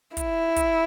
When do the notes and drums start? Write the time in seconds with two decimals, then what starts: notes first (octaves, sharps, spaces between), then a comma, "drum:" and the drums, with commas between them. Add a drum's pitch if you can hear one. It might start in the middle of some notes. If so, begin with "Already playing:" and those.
0.17 E4, drum: kick, hi-hat
0.56 drum: kick, hi-hat